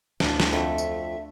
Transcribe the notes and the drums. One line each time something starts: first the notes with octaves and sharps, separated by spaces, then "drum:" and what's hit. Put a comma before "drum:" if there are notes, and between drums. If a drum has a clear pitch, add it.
D2 D4 F4, drum: snare
drum: snare
F2 A3 E5
drum: tambourine